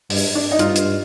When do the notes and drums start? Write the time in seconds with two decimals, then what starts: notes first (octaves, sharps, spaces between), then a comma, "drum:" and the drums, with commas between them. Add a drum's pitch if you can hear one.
0.10 G2, drum: open hi-hat
0.35 D4
0.52 D#4
0.59 G2 F4, drum: hi-hat
0.76 drum: hi-hat